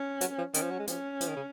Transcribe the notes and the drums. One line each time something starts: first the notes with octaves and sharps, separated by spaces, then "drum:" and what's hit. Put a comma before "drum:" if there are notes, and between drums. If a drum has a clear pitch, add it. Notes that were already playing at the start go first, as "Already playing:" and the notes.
Already playing: C#4
F#3, drum: hi-hat
F3
D#3 C#4, drum: hi-hat
F3
F#3
G#3
F3 C#4, drum: hi-hat
F3, drum: hi-hat
D#3
C#3